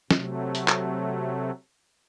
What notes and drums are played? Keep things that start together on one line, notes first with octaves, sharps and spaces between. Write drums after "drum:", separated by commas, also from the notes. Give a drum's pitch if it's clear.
C3 F#3 A3, drum: snare
drum: hi-hat
drum: clap